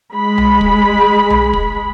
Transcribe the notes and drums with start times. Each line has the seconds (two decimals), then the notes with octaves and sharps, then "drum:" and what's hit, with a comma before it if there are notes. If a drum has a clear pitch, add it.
0.15 G#3 B5
0.38 drum: tom B1
0.61 drum: kick
1.30 drum: tom B1
1.53 drum: kick